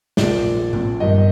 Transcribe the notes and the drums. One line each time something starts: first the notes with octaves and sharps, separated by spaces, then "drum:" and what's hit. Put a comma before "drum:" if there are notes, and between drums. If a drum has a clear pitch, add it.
A#1 A#2 D5, drum: snare
drum: tom A2
G1 G2 D#3 D#5